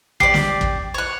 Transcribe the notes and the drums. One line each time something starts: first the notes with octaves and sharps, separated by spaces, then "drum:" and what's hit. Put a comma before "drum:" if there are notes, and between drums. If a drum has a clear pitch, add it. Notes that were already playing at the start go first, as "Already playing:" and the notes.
G4 D5 C7, drum: kick
drum: snare
drum: kick
C#5 F#5